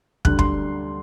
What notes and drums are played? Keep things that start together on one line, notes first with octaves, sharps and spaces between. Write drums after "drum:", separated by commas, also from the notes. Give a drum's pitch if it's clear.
D2 D3 G3 F#6, drum: kick
C6, drum: kick